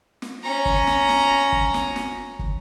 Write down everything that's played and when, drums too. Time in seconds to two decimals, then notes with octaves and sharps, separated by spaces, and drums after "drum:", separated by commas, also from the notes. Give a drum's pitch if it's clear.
0.22 drum: snare
0.44 C#4 A#5
0.65 drum: kick
0.87 drum: snare
1.09 drum: snare
1.52 drum: kick
1.74 drum: snare
1.96 drum: snare
2.39 drum: kick